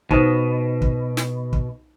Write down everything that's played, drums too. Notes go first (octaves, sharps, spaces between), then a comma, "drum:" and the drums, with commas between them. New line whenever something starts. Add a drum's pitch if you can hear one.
B2 D#4 C5 D#6, drum: kick
drum: kick
drum: snare
drum: kick